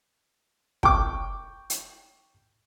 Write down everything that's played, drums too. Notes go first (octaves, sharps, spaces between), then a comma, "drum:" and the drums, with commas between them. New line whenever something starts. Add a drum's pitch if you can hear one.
G5 C#6 D6, drum: kick
drum: hi-hat